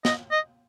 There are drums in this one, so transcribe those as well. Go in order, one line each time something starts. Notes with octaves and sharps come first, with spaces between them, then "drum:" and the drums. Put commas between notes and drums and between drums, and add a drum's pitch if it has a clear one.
D#5, drum: snare
D#5